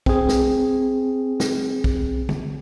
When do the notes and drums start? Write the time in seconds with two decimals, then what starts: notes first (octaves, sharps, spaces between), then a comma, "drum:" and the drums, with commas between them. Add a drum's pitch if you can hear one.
0.06 C4 G#4, drum: kick
0.29 drum: snare
1.40 drum: snare
1.84 drum: kick
2.29 drum: tom